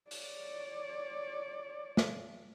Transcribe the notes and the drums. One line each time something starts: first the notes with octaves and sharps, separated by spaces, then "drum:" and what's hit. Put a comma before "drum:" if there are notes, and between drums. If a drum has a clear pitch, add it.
C#5 D5, drum: open hi-hat
drum: snare